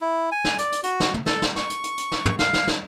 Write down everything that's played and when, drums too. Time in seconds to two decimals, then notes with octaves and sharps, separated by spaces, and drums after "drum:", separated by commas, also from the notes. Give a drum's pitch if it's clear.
0.01 E4
0.32 G#5
0.44 drum: snare
0.58 D5, drum: hi-hat
0.72 drum: hi-hat
0.83 F#4, drum: hi-hat
1.00 drum: snare
1.14 drum: tom
1.26 A4, drum: snare
1.42 drum: snare
1.56 C#6, drum: snare
1.70 drum: hi-hat
1.84 drum: hi-hat
1.98 drum: hi-hat
2.12 drum: snare
2.26 drum: tom
2.39 F5, drum: snare
2.53 drum: snare
2.67 drum: snare